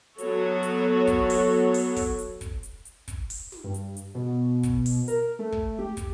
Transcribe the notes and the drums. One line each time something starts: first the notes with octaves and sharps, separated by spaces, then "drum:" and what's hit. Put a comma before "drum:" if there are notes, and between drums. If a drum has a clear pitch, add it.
F#3 B3 F#4 A4 C#5, drum: hi-hat
drum: hi-hat
drum: kick, hi-hat
drum: open hi-hat
drum: open hi-hat
drum: kick, open hi-hat
drum: hi-hat
drum: kick, hi-hat
drum: hi-hat
drum: hi-hat
drum: kick, hi-hat
drum: open hi-hat
drum: snare
G2
drum: hi-hat
drum: hi-hat
B2
drum: kick, hi-hat
drum: open hi-hat
A#4, drum: hi-hat
A3
drum: kick
G4
drum: kick, hi-hat